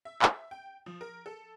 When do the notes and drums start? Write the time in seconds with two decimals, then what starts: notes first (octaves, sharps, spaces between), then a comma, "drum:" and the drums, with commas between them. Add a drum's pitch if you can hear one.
0.05 E5
0.22 E5, drum: clap
0.51 G5
0.86 F3
1.01 A#4
1.26 A4